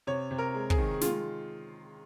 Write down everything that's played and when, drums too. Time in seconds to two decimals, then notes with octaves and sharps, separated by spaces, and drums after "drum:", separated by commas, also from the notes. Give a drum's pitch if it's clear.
0.07 C3 C#5
0.31 C3
0.38 A#4
0.54 G#3
0.70 G#4, drum: kick
0.78 D#3
1.01 G#3 F4, drum: snare